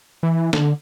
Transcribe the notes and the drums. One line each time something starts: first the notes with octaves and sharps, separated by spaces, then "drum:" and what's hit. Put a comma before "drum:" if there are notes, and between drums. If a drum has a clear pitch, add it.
E3
D3, drum: snare